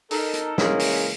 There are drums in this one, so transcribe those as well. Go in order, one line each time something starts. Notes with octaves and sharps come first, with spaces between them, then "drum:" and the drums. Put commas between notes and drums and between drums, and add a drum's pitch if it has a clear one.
D#4 A4 A#4, drum: open hi-hat
drum: hi-hat
C#3 E3 G#3 A#3 C#4 A#4, drum: snare
drum: open hi-hat